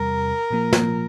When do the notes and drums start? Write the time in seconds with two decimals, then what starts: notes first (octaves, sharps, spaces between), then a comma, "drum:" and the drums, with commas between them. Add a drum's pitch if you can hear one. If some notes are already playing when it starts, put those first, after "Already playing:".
Already playing: E2 C3 G3 A#4
0.50 A#2 F3 A#3 F4
0.73 drum: snare